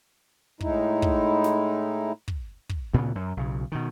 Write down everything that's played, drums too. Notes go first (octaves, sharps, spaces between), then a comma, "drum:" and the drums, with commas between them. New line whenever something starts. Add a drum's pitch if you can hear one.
A2 G#3 D#4 E4, drum: kick
drum: kick
drum: snare
drum: kick
drum: kick
D2 A#2 C#3 B3
F#2
B1 C#3
B2 D#3